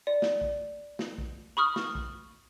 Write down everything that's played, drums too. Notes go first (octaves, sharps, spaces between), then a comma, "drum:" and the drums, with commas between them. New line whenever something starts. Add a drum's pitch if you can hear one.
D5
drum: snare
drum: kick
drum: snare
drum: kick
B5 C#6 D#6 F6
drum: snare
drum: kick